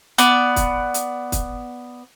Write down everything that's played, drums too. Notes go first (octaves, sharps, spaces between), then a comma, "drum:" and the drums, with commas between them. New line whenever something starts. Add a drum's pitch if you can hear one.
B3 D5, drum: hi-hat
drum: kick, hi-hat
drum: hi-hat
drum: kick, hi-hat